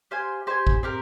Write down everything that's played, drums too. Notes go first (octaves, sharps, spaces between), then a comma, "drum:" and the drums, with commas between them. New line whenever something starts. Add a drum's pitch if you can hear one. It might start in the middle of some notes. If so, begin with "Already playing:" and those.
G4 C5 F5 G#5
G4 C5 F5 G#5
drum: kick
C4 G4 A#4